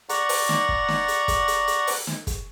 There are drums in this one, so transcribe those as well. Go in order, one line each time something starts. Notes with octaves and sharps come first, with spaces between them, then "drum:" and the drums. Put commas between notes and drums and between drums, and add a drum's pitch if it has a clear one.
D5 F#5 A#5 C#6, drum: hi-hat
drum: open hi-hat
drum: snare
drum: kick
drum: snare
drum: hi-hat
drum: kick, hi-hat
drum: hi-hat
drum: hi-hat
drum: open hi-hat
drum: snare
drum: kick, hi-hat